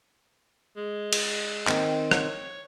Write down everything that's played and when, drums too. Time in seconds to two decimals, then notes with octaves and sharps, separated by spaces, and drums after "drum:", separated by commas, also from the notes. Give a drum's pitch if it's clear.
0.77 G#3
1.13 drum: cymbal
1.67 D#3 C4, drum: clap
2.11 C#5, drum: rim click